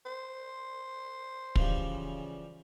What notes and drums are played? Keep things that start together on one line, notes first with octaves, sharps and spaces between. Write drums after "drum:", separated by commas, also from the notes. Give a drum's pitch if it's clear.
C5
C#3 E3 F3 G3, drum: kick